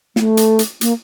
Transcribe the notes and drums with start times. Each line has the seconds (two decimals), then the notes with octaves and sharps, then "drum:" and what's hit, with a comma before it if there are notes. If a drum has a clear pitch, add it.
0.16 A3, drum: snare
0.37 drum: hi-hat
0.59 drum: hi-hat
0.81 A#3, drum: hi-hat